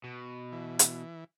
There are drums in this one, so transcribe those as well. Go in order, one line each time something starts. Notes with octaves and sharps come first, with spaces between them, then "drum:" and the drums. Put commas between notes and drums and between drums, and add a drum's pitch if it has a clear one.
B2
E3
drum: hi-hat